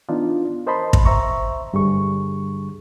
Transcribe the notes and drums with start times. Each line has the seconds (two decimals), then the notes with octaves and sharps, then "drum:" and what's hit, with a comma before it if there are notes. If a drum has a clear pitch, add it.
0.09 E3 B3 D4 D#4 F4
0.67 A#4 C5 D#5 A5 B5 C6
0.93 drum: kick
1.05 C5 E5 A#5 C#6
1.73 D2 G2 D3 G3 G#4 C#6